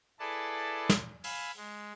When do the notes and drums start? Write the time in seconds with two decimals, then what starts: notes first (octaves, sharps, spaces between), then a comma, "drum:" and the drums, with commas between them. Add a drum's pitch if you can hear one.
0.20 E4 G#4 A4 B4 D5 A5
0.89 drum: snare
1.24 F5 G#5 B5 E6, drum: open hi-hat
1.57 G#3